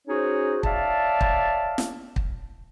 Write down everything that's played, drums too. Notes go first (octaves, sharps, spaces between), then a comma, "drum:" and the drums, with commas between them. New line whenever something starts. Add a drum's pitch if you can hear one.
C#4 D#4 F#4 G#4 C5 C#5
C#5 D5 E5 F5 A5, drum: kick
drum: kick
drum: snare
drum: kick